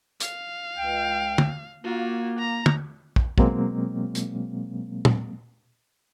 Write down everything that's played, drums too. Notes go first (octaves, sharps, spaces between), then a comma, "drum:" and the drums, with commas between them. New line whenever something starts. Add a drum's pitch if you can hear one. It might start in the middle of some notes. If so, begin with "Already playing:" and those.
F5, drum: hi-hat
C#2 G5
drum: tom
A#3 F4 F#4
A#5
drum: tom
drum: kick
B2 F#3 G#3 A#3 C4, drum: kick
drum: hi-hat
drum: tom